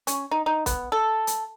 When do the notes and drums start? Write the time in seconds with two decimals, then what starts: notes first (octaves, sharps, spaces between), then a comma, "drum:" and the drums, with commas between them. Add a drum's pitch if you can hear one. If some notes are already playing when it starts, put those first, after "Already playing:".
0.07 C#4, drum: hi-hat
0.31 D#4
0.46 D#4
0.66 B3, drum: kick, hi-hat
0.92 A4
1.27 drum: hi-hat